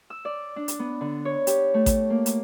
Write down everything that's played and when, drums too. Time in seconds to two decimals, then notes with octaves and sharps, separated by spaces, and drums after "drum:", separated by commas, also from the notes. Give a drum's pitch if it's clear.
0.10 E6
0.25 D5
0.56 D4
0.68 drum: hi-hat
0.79 B3
1.01 D3
1.25 C#5
1.47 G4, drum: hi-hat
1.74 A3
1.86 drum: kick A1, hi-hat
2.10 A#3
2.26 drum: hi-hat